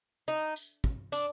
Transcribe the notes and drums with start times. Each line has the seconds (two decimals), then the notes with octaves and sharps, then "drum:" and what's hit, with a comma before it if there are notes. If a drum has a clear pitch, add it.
0.28 D#4
0.56 drum: tambourine
0.84 drum: kick
1.12 D4, drum: tambourine